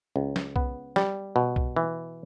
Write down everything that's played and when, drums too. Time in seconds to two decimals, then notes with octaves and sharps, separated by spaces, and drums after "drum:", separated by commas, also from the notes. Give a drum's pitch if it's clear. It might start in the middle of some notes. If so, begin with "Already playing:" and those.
0.16 C#2
0.36 drum: snare
0.56 B3, drum: kick B1
0.96 G3, drum: snare
1.36 B2
1.56 drum: kick B1
1.76 E3